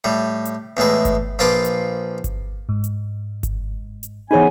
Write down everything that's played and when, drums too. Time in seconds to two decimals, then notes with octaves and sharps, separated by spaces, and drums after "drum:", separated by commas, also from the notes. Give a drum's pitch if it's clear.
0.04 A2 G3
0.45 drum: hi-hat
0.77 E2 A2 G#3 B4
1.05 drum: kick G1, hi-hat
1.39 A#1 F3 F4 B4 C6 D6
1.65 drum: hi-hat
2.24 drum: kick G1, hi-hat
2.69 G#2
2.84 drum: hi-hat
3.43 drum: kick G1, hi-hat
4.03 drum: hi-hat
4.31 E3 B3 D#4 G#4 C5 C#5 G#5 B5